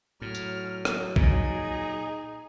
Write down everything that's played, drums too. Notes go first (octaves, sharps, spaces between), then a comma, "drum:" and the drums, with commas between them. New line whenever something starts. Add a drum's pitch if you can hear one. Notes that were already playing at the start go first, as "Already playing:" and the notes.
A2 F#3 F6
drum: tambourine
drum: rim click
A#2 D#4 G#4, drum: kick